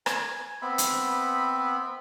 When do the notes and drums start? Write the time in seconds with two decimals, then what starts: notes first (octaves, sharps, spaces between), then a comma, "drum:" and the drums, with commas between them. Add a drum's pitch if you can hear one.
0.06 G#5, drum: rim click
0.62 B3 C4 E5 B5
0.78 drum: hi-hat